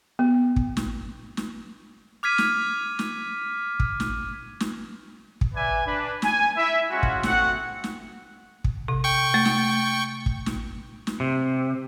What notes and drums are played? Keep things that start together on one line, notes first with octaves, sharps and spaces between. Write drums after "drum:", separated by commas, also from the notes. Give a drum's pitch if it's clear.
B3
drum: kick
drum: snare
drum: snare
D6 F6 G#6 B6 D#7
drum: snare
drum: snare
drum: kick
drum: snare
drum: snare
drum: kick
B4 D5 E5 G#5
D4 B4
G#5, drum: snare
E4 E5
G#3 C#4 F4 F#4
drum: kick
A3 C4 F#4 F#5, drum: snare
drum: snare
drum: kick
C3
G5 C#6
A3
drum: snare
drum: kick
drum: snare
drum: snare
C3